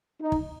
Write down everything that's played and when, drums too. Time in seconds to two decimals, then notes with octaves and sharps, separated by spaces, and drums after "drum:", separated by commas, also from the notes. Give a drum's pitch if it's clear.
0.20 D#4
0.32 drum: kick